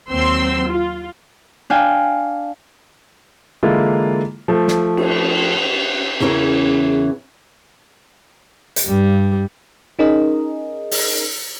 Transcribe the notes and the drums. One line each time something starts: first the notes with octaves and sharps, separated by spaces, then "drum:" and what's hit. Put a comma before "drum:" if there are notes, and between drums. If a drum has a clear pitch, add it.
D#2 F#3 C4 C6 E6
F4
D4 F5 G5 G#5
D3 E3 G#3 A#3 E4 F4
F3 A3
drum: snare
drum: cymbal
E2 C#3 E3 C#4 A#4
drum: hi-hat
G2 G3
C#4 D#4 G#4 A#4 D#5
drum: open hi-hat